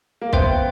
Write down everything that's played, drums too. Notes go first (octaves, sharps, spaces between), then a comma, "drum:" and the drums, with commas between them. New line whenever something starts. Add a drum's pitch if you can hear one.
A#3
B3 C5 E5 G5 C6, drum: kick